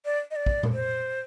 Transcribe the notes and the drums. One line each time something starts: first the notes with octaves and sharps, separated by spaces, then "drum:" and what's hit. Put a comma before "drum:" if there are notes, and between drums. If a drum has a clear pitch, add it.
D5
D#5
D5
drum: kick
drum: tom A#2
C5